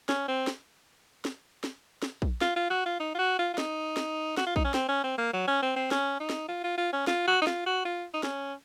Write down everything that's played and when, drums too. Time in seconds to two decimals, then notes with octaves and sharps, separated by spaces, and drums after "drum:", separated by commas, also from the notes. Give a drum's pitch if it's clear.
0.09 C#4, drum: snare
0.28 C4
0.47 drum: snare
1.25 drum: snare
1.64 drum: snare
2.03 drum: snare
2.22 drum: kick A#1
2.41 F4, drum: snare
2.56 F4
2.70 F#4
2.86 F4
3.00 D#4
3.15 F4
3.19 F#4
3.39 F4
3.54 F4
3.58 D#4, drum: snare
3.97 drum: snare
4.37 F#4, drum: snare
4.47 F4
4.56 D#4, drum: kick A#1
4.64 C#4
4.74 C4, drum: snare
4.88 C#4
5.04 C4
5.18 A#3
5.33 F#3
5.47 C#4
5.62 C4
5.76 C4
5.91 C#4, drum: snare
6.20 D#4
6.30 drum: snare
6.49 F4
6.64 F4
6.78 F4
6.93 C#4
7.07 F4, drum: snare
7.27 F#4
7.42 D#4
7.47 F4, drum: snare
7.66 F#4
7.85 F4
8.14 D#4
8.23 C#4, drum: snare